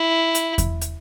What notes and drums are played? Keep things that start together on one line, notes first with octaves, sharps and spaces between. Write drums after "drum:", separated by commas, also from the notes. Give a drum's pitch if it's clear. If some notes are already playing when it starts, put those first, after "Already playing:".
Already playing: E4
drum: hi-hat
drum: kick E2, hi-hat
drum: hi-hat